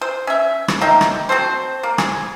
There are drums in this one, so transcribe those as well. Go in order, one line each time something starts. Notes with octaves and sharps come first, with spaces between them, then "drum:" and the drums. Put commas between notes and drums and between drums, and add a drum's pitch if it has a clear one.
C5
C#4 E5
drum: rim click
A#3 D#4 E5 G5
drum: rim click
C4 F#4 A4 C5
A#3
G#4, drum: rim click